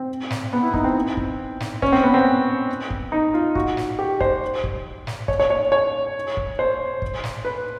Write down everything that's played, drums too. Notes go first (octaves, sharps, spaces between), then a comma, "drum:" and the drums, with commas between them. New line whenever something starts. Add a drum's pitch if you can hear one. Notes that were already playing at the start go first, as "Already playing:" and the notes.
Already playing: C4
drum: snare
B3
E4
D#4, drum: kick
C4
drum: kick
drum: snare
C#4, drum: kick
C4
B3
C4
drum: kick
D#4
F4
F#4, drum: kick
drum: snare
G4
C5, drum: kick
drum: kick
drum: snare
C#5, drum: kick
C#5
C#5
C#5
drum: kick
C5
drum: kick
drum: snare
B4